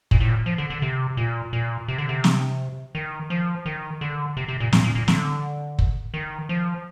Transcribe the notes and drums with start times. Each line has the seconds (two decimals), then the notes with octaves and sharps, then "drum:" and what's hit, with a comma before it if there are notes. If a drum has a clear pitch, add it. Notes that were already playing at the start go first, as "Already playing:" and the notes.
0.11 A#2, drum: kick
0.20 A2
0.29 A#2
0.46 F3
0.58 D3
0.70 D3
0.82 C3
1.17 A#2
1.53 A#2
1.88 C3
1.98 D3
2.09 C3
2.24 drum: snare
2.95 D#3
3.30 F3
3.66 D#3
4.01 D3
4.37 C3
4.48 C3
4.60 A#2
4.73 A#2, drum: snare
4.84 A#2
4.95 A#2
5.08 D3, drum: snare
5.79 drum: kick
6.14 D#3
6.49 F3